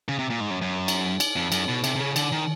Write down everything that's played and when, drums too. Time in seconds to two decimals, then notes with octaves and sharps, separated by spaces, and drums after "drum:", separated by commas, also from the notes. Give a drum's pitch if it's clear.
0.09 C#3
0.19 C3
0.30 A#2
0.41 G#2
0.50 F#2
0.62 F#2
0.88 drum: cymbal
1.20 drum: cymbal
1.36 F2
1.52 F#2, drum: cymbal
1.69 B2
1.84 C3, drum: cymbal
1.96 C3
2.00 C#3
2.16 D3, drum: cymbal
2.32 D#3